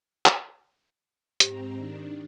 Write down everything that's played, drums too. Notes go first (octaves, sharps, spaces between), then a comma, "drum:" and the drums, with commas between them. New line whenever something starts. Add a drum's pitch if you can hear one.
drum: clap
G#2 C4 G4 A#5, drum: hi-hat
D#3 D4